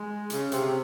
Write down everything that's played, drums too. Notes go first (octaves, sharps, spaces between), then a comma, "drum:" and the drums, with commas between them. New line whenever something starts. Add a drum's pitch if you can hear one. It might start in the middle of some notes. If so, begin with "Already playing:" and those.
Already playing: G#3
C#3, drum: hi-hat
C3, drum: hi-hat